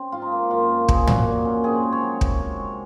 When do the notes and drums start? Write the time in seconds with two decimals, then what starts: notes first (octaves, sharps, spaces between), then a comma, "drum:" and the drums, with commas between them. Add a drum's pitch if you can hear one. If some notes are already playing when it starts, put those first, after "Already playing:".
Already playing: C#3 C4
0.12 G#2 F4
0.22 D#4
0.32 A#3
0.50 F#2 F4
0.69 F#2
0.88 F3 G#4, drum: kick
1.07 A#2 F#4, drum: tom
1.26 A#2
1.45 C#4
1.64 C4 G#4
1.83 G#2
1.92 C#5
2.02 F#3
2.21 C3, drum: kick
2.40 C3
2.59 G#3